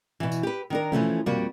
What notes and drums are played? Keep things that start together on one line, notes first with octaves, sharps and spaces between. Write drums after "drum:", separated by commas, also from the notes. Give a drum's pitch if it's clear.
B2 E3
drum: tambourine
G4 B4
D#3 D4 A#4
E3 F3 A3 C#4, drum: tom
F2 G3 A#3 F#4, drum: tom